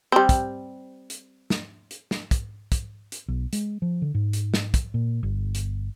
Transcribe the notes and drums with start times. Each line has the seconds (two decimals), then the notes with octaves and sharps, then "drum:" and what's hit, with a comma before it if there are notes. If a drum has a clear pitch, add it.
0.12 G3 C4
0.29 drum: kick, hi-hat
1.10 drum: hi-hat
1.50 drum: snare
1.91 drum: hi-hat
2.11 drum: snare
2.31 drum: kick, hi-hat
2.72 drum: kick, hi-hat
3.12 drum: hi-hat
3.28 B1
3.53 G#3, drum: hi-hat
3.82 F3
4.02 D3
4.14 G#2
4.33 drum: hi-hat
4.54 drum: snare
4.74 drum: kick, hi-hat
4.94 A#2
5.23 G1
5.55 drum: hi-hat